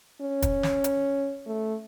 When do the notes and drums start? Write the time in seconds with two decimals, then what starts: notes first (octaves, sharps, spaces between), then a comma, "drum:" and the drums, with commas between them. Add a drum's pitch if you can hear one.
0.21 C#4
0.42 drum: kick, hi-hat
0.63 drum: snare
0.84 drum: hi-hat
1.47 A3